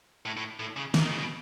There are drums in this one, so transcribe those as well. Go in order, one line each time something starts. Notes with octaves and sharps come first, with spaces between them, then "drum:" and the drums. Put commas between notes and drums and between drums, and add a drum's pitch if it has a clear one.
A2
A2
A2
C#3
E3, drum: snare
D#3
C#3
B2